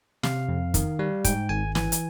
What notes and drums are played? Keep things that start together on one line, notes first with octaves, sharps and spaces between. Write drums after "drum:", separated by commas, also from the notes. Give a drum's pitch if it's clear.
C3 F5, drum: snare
F2
D#3, drum: kick, hi-hat
G3
G#2 G5, drum: kick, hi-hat
G#1 G#5
E3 G#5, drum: snare
drum: hi-hat